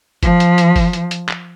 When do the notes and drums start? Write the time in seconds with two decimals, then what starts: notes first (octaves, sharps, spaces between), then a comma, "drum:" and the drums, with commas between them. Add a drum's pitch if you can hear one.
0.23 F3, drum: kick F#1, hi-hat
0.40 drum: hi-hat
0.58 drum: hi-hat
0.76 drum: kick F#1, open hi-hat
0.93 drum: hi-hat
1.11 drum: hi-hat
1.29 drum: clap